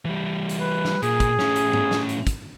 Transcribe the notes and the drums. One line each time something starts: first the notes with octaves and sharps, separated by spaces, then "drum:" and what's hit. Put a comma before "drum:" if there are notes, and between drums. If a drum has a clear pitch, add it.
E3 G3
drum: hi-hat
B4
drum: snare
A#2 G#4, drum: hi-hat
drum: kick, hi-hat
A2 C#4, drum: snare
drum: hi-hat
drum: tom G#2
drum: snare
drum: hi-hat
drum: kick, hi-hat